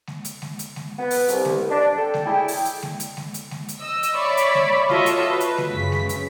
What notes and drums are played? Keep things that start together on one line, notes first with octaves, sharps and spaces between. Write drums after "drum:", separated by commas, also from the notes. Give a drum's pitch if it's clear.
drum: snare G#3
drum: hi-hat
drum: snare G#3
drum: hi-hat
drum: snare G#3
B3
drum: open hi-hat
C2, drum: hi-hat
drum: snare G#3
D4
A4 G5
drum: snare G#3
A2 E4 G#4 D5 G5
drum: open hi-hat
drum: hi-hat
drum: snare G#3
drum: hi-hat
drum: snare G#3
drum: hi-hat
drum: snare G#3
drum: hi-hat
D#5 E6
drum: hi-hat
C#5 D5 E5 B5 C#6
drum: hi-hat
drum: snare G#3
F4 F#4 A4 C#5 D#5 E5, drum: snare G#3
drum: hi-hat
B4
drum: hi-hat
drum: snare G#3
F#2 C#3 B6
drum: snare G#3
drum: hi-hat